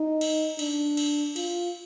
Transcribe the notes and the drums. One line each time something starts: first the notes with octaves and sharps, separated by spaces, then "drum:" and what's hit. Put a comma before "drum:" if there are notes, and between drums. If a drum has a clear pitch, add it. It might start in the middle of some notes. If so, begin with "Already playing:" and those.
Already playing: D#4
drum: cymbal
D4, drum: cymbal
drum: cymbal
F4, drum: cymbal